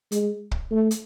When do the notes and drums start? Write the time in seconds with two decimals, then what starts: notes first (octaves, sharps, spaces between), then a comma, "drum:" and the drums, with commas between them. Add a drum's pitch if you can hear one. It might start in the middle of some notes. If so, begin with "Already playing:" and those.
0.12 G#3, drum: hi-hat
0.51 drum: kick
0.71 A3
0.91 drum: hi-hat